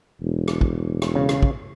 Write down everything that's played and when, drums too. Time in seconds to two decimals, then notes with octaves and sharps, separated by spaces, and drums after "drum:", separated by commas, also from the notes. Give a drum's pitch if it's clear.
0.21 E1
0.48 drum: rim click
0.61 drum: kick
1.02 drum: rim click
1.15 C#3
1.29 drum: rim click
1.42 drum: kick